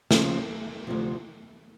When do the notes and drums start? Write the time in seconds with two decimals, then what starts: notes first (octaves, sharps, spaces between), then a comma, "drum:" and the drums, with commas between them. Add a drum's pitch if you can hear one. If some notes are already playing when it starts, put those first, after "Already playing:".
0.11 D#2 C#3 F3, drum: snare
0.87 D2 C3 F3